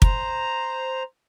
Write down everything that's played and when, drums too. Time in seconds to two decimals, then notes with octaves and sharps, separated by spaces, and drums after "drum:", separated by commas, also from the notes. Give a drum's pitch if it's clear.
0.02 C5 A#5, drum: kick